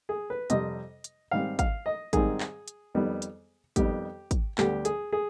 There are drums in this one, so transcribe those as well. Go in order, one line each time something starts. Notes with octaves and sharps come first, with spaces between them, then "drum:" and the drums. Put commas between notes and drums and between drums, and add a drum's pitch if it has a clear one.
G#4
B4
F2 C3 G3 D#5, drum: hi-hat
drum: hi-hat
G#2 D#3 G3 C4 F5
F5, drum: kick, hi-hat
D#5
G#2 D#3 G3 C4 G#4, drum: kick, hi-hat
drum: clap
drum: hi-hat
F2 D#3 G3 B3
drum: hi-hat
F2 D#3 G3 B3 G4, drum: kick, hi-hat
drum: kick, hi-hat
D2 D3 G3 B3 G4, drum: clap
G#4, drum: hi-hat
G#4